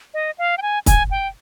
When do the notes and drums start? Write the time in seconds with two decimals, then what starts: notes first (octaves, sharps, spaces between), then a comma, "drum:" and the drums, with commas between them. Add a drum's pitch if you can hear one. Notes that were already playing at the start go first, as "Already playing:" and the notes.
0.14 D#5
0.38 F5
0.58 G5
0.62 G#5
0.86 G#5, drum: kick, hi-hat
1.11 G5